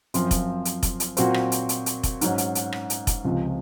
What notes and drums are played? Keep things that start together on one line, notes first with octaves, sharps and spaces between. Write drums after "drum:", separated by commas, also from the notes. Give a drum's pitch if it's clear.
F#2 F3 C4 F4, drum: hi-hat
drum: kick F1, hi-hat
drum: hi-hat
drum: kick F1, hi-hat
drum: hi-hat
A#2 F#3 C4 F#4 C5, drum: hi-hat
drum: rim click
drum: hi-hat
drum: hi-hat
drum: hi-hat
drum: kick F1, hi-hat
G#2 F#3 C#4, drum: hi-hat
drum: hi-hat
drum: hi-hat
drum: rim click
drum: hi-hat
drum: kick F1, hi-hat
C#2 C3 F3